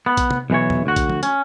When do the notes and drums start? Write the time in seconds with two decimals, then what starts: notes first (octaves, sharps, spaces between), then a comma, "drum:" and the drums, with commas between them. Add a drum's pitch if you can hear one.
0.06 B3
0.17 drum: kick A#1, hi-hat
0.31 drum: tom
0.50 B1 E3 C#5
0.70 drum: tom E2
0.86 D2 F#4
0.96 drum: kick A#1, hi-hat
1.10 drum: tom
1.23 C#4, drum: hi-hat